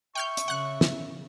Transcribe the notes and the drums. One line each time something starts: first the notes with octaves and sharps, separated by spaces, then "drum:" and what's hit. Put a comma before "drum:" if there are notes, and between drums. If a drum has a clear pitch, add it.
E5 G5 C#6 F6 G6
drum: hi-hat
C#3 F#5 F#6
drum: snare